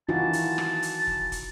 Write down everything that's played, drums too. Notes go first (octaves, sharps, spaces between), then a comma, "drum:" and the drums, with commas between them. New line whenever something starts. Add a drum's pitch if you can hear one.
D#3 E3 F4 F#4 A5
drum: hi-hat
drum: rim click
drum: hi-hat
drum: kick
drum: kick, hi-hat